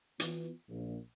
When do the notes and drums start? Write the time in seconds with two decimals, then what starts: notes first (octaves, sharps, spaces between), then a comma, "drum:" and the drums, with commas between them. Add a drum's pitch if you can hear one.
0.20 E3 B3 F4, drum: hi-hat
0.69 A#1